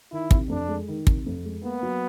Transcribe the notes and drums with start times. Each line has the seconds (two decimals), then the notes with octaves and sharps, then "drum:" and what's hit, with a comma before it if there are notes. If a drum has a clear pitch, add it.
0.12 D#3 E4
0.31 C3, drum: kick
0.49 F2 D4
0.68 G#3
0.88 D#3
1.07 C3, drum: kick
1.26 F2
1.45 G#3
1.63 A#3 B3
1.83 F#3